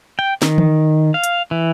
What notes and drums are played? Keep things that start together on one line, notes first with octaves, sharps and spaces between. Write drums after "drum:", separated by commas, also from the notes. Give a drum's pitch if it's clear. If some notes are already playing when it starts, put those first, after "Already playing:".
G5
D#3, drum: snare
drum: tom E3
F5
drum: hi-hat
E3